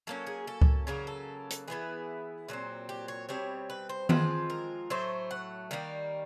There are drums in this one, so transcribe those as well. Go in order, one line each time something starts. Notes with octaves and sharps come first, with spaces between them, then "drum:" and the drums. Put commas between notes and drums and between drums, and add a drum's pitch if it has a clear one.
F#3 A#3 C#4 A4
G#4
A4
drum: kick C#2
C#3 F#3 A#3 A#4
A4
drum: hi-hat
E3 G#3 B3 E4 G#4
A#2 F#3 A3 C4
G4
C#5
B2 G3 C4 C#5
B4
C5
F3 G#3 C4 F4 B4, drum: tom D#3
A#4
A2 F#3 A3 C5
F#5
D#3 G3 A#3 D#4